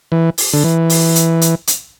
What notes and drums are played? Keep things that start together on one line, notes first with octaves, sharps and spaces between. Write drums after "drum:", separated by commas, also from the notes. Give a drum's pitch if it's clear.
E3
drum: open hi-hat
D3
E3
drum: open hi-hat
drum: hi-hat
drum: hi-hat
drum: hi-hat